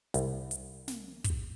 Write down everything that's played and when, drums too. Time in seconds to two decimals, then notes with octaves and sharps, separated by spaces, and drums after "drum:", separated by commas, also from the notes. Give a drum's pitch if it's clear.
0.14 C2, drum: hi-hat
0.51 drum: hi-hat
0.88 drum: snare
1.24 drum: kick, hi-hat